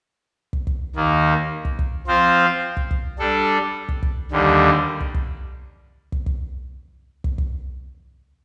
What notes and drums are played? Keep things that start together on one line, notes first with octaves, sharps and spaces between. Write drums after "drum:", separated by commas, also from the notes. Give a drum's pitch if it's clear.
drum: kick
drum: kick
D#2 D#3 A#3
drum: kick
drum: kick
F3 C4 F4 C5
drum: kick
drum: kick
G3 D4 A4
drum: kick
drum: kick
D#2 D3 G3
drum: kick
drum: kick
drum: kick
drum: kick
drum: kick
drum: kick